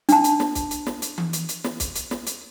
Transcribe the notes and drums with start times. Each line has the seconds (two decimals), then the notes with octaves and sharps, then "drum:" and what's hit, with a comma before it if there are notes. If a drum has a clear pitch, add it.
0.09 D4 A5, drum: hi-hat
0.24 drum: hi-hat
0.40 drum: snare
0.55 drum: kick, hi-hat
0.71 drum: hi-hat
0.87 drum: snare
1.02 drum: hi-hat
1.18 drum: tom E3
1.33 drum: hi-hat
1.49 drum: hi-hat
1.64 drum: snare
1.80 drum: kick, hi-hat
1.95 drum: hi-hat
2.11 drum: snare
2.27 drum: hi-hat